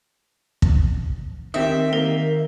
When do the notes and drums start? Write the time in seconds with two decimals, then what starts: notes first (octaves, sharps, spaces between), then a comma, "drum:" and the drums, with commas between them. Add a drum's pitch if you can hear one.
0.62 drum: kick
1.54 D#3 C4 G4 A#4 E5
1.93 D#3 A#3 A#4